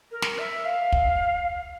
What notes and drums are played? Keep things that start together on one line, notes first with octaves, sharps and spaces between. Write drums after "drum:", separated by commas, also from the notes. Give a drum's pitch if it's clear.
A#4
drum: snare
E5
F5
drum: kick